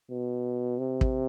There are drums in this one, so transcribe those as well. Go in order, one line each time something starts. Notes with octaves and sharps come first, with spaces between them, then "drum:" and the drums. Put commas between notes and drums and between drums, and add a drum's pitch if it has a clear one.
B2
C3
drum: kick